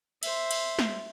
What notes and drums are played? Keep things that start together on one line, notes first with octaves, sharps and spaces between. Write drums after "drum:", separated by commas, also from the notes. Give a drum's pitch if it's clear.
C5 E5, drum: cymbal
drum: cymbal
drum: snare